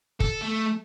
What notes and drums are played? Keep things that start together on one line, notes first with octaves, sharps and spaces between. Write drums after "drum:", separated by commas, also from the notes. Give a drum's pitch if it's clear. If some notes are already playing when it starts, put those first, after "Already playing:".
A4, drum: kick
A3